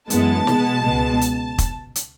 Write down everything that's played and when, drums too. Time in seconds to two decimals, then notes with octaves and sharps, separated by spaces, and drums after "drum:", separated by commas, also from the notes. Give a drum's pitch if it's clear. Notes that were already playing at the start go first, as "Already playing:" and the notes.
0.10 F#2 E3 G#3 B3 A5, drum: hi-hat
0.47 B2 G#3 B3, drum: snare
0.84 C#2 B2 G#3 B3
1.21 drum: hi-hat
1.58 drum: kick, hi-hat
1.95 drum: hi-hat